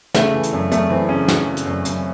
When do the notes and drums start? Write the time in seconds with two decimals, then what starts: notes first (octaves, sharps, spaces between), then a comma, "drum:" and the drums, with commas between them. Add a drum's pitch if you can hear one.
0.14 C#3 A3, drum: snare
0.34 E3
0.43 drum: hi-hat
0.53 F#2
0.72 F#2 A3, drum: hi-hat
0.90 E3 C4
1.09 C#3 C#4
1.28 E3 F#4, drum: snare
1.48 C#3
1.57 drum: hi-hat
1.66 F#2
1.85 F#2, drum: hi-hat